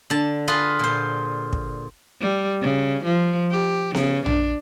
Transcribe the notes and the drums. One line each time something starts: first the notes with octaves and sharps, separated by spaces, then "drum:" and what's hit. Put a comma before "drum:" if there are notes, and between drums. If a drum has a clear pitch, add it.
D3 A5
F4 G#4 B4 C6
A#2 C5
drum: kick
G3
C#3
F3
G4
C#3, drum: snare B3
D4, drum: tom